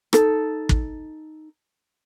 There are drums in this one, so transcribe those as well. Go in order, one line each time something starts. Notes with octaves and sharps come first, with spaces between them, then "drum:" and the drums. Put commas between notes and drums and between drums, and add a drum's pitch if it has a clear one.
D#4 A4, drum: rim click
drum: kick